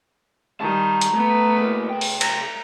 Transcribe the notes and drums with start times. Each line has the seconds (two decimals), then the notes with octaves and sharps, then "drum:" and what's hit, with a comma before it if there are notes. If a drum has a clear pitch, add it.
0.60 D#3 G3 A5 A#5
1.01 drum: hi-hat
1.12 A3 B3
1.57 C#3 A#3
1.89 C#3 G5
2.01 drum: open hi-hat
2.21 A#5, drum: cymbal